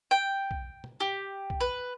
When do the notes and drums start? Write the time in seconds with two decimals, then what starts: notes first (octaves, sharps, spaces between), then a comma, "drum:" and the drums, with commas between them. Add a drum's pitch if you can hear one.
0.11 G5
0.51 drum: kick B1
0.84 drum: tom
1.00 G4
1.50 drum: kick B1
1.61 B4